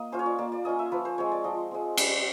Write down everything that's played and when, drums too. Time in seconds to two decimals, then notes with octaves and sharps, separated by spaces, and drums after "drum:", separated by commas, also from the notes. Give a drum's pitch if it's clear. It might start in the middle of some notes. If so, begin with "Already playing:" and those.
Already playing: A#3 D#5
0.12 C#4 F4 C5
0.19 C#5
0.26 D5
0.38 A#3 D5
0.52 D5
0.65 C#4 F4 D#5
0.79 E5
0.92 F3 B4
1.05 C5
1.18 G#3 C4 C#5
1.32 D5
1.44 F3 D#5
1.71 G#3 C4
1.97 G3, drum: cymbal